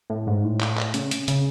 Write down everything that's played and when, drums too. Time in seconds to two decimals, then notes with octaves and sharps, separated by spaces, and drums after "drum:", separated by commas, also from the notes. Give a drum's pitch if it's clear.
0.10 A2
0.27 G#2
0.44 A2
0.61 drum: clap
0.78 drum: clap
0.94 C#3, drum: hi-hat
1.11 drum: hi-hat
1.28 C#3, drum: hi-hat